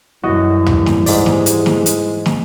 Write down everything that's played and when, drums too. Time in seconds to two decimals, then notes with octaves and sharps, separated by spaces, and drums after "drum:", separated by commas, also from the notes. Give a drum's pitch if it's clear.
0.24 F#2 E3 G3 F#4 D#5
0.66 drum: tom
0.86 drum: snare
1.06 G#2 G#3 D5, drum: open hi-hat
1.26 drum: snare
1.46 drum: hi-hat
1.66 drum: snare
1.86 drum: hi-hat
2.26 drum: snare